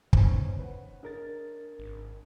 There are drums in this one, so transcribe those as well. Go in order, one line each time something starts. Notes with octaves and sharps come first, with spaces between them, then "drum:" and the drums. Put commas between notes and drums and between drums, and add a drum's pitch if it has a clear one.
G#3 B3 C#4 D#4 C5, drum: kick
B4 F#5
D4 G#4 A#4 D#5 A6
G#1